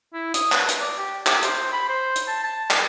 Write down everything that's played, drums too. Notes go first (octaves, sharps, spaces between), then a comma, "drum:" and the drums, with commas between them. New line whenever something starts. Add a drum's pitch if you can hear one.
E4
D#6, drum: hi-hat
B4, drum: clap
drum: hi-hat
D5
G4
G4, drum: clap
C5, drum: hi-hat
B5
C5
drum: hi-hat
A5
A5
drum: clap